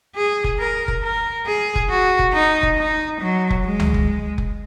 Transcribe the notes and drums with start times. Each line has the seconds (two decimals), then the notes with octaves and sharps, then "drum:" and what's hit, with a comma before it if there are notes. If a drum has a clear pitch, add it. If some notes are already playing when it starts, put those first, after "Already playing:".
0.16 G#4
0.44 drum: kick F1
0.59 A#4
0.88 drum: kick F1
1.03 A#4
1.46 G#4
1.75 drum: kick F1
1.90 F#4
2.19 drum: kick F1
2.33 D#4
2.63 drum: kick F1
2.78 D#4
3.21 F#3
3.50 drum: kick F1
3.66 G#3
3.80 drum: tom C#2
3.94 drum: kick F1
4.38 drum: kick F1